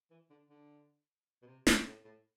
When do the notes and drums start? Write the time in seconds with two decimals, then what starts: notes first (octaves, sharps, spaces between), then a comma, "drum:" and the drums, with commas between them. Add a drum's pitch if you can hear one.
0.11 E3
0.30 D3
0.50 D3
1.42 B2
1.47 C3
1.67 drum: snare
1.86 A2
2.05 A2